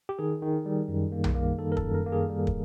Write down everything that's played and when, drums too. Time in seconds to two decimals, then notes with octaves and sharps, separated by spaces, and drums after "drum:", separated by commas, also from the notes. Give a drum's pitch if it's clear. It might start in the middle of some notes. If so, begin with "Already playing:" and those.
0.09 G4
0.19 D#3 G#4
0.42 D#3
0.66 G3
0.88 F#2
1.12 A#3
1.24 drum: tom B1
1.35 A#3
1.59 D#3 A4
1.72 A#4
1.77 A4, drum: kick
1.82 F#2
1.94 A#4
2.06 A#3
2.12 G#4
2.29 G3
2.47 drum: kick